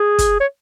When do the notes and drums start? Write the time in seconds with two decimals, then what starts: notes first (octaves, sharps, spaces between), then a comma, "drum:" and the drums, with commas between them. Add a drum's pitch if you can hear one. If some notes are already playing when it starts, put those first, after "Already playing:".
Already playing: G#4
0.19 drum: kick, hi-hat
0.40 C#5